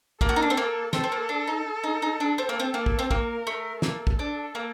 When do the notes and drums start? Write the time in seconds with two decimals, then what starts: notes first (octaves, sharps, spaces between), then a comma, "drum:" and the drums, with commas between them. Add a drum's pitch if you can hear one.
0.21 A#3 A4, drum: kick
0.29 F#4
0.36 D#4
0.42 D4
0.50 C4
0.57 A#3
0.93 C4 A4, drum: snare
1.04 C4
1.12 A#3
1.29 D4
1.47 D#4
1.83 D#4
2.02 D#4
2.20 D4
2.37 C4 A4
2.49 A#3
2.60 C4
2.74 A#3
2.86 drum: kick
2.99 C4
3.11 A#3 A#4, drum: kick
3.47 A3
3.82 A#3 A4, drum: snare
4.07 drum: kick
4.19 D4
4.55 A#3